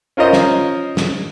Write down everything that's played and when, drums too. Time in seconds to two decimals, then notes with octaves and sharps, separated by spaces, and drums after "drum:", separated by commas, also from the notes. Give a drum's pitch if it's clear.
0.17 C#4 F4 A#4 C5 D#5
0.33 drum: snare
0.97 drum: snare